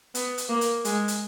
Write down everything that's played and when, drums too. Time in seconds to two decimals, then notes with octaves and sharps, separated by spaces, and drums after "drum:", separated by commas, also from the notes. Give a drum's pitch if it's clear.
0.15 B3, drum: hi-hat
0.38 drum: hi-hat
0.49 A#3
0.61 drum: hi-hat
0.85 G#3, drum: hi-hat
1.08 drum: hi-hat